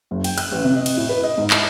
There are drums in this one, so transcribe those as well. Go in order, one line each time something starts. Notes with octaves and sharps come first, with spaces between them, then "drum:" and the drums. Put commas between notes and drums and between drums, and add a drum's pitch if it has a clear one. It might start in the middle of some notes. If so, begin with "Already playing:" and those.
F#1
G5, drum: cymbal
F#6, drum: cymbal
A1
C3
D#5
drum: cymbal
A2
B4
D#5
G#2
E4, drum: clap